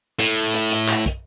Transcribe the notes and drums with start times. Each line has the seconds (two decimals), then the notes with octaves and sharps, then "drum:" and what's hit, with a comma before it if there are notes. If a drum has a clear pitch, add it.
0.19 A2, drum: hi-hat
0.54 drum: hi-hat
0.71 drum: hi-hat
0.89 drum: clap
1.06 drum: kick, hi-hat